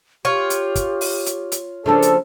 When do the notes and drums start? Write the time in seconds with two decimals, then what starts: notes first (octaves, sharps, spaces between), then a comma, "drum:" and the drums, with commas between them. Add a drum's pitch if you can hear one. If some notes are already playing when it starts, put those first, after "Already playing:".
0.25 F4 G4 C#5
0.50 drum: hi-hat
0.75 drum: kick, hi-hat
1.01 drum: open hi-hat
1.26 drum: hi-hat
1.52 drum: hi-hat
1.86 C#3 F3 A#3 D4 A4
2.02 drum: hi-hat